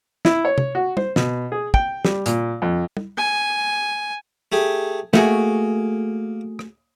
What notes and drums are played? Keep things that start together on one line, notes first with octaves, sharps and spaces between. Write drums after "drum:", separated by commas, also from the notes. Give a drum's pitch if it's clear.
E4, drum: snare
C#5
drum: tom
F#4
C5, drum: tom
B2, drum: snare
G#4
G5, drum: kick
G3, drum: snare
A#2, drum: hi-hat
F2
drum: tom
G#5
A3 G4 G#4
A3 A#3 F#4 G#4, drum: snare
drum: rim click